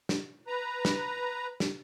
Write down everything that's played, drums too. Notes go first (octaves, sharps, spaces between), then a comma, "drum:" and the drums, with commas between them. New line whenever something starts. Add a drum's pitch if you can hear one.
drum: snare
B4 A#5
drum: snare
drum: snare